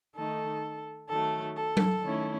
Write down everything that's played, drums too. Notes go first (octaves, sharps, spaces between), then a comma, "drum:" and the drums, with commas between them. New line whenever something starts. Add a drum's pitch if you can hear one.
D#3 A3 D#4 A4
D#3 F#3 A3 A4
A4
drum: tom F#3
D#3 A3 C#4 E4